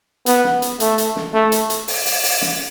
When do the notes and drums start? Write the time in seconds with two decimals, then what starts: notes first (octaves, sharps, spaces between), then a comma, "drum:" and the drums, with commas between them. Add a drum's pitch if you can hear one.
0.26 B3, drum: hi-hat
0.44 drum: snare
0.62 drum: hi-hat
0.80 A3, drum: hi-hat
0.98 drum: hi-hat
1.16 drum: snare
1.34 A3
1.52 drum: hi-hat
1.70 drum: hi-hat
1.88 drum: open hi-hat
2.06 drum: open hi-hat
2.24 drum: open hi-hat
2.42 drum: snare